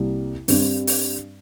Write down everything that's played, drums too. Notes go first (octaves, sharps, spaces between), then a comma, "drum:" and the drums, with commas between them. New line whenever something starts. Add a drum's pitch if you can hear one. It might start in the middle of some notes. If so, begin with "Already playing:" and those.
Already playing: C2 C3 G3 A#3
G2 G3 C4, drum: open hi-hat
drum: open hi-hat